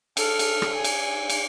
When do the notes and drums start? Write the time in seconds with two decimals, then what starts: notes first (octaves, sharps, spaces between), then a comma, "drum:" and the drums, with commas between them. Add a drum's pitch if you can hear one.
0.17 A4 F6, drum: cymbal
0.39 drum: cymbal
0.62 drum: rim click
0.75 G#5
0.84 drum: cymbal
1.30 drum: cymbal